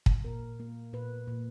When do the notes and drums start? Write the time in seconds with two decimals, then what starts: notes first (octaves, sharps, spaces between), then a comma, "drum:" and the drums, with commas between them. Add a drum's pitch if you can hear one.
0.06 drum: kick
0.24 A#2 A#4
0.60 A#3
0.93 A#2 B4
1.28 A#2